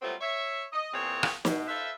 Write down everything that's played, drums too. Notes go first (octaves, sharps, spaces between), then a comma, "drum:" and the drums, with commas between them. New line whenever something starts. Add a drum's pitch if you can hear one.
F#3 G3 A3 B3 C4 F4
C#5 E5
D#5
E2 A#2 A#3 C4 G#4 C#5
drum: rim click
B2, drum: snare
F4 A4 B4 C5 E5